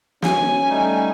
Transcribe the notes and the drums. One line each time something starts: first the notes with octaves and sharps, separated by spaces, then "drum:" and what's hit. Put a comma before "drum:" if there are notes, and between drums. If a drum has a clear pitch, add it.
C#4 G#5, drum: snare
G3 A3 D#4